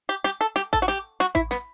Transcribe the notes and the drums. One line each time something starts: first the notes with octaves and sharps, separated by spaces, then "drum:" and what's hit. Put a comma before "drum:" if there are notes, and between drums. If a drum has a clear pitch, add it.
G4
G4, drum: snare
A4
G4, drum: snare
A4, drum: kick A1
F#4
G4, drum: snare
F#4, drum: snare
E4, drum: kick A1
B3, drum: snare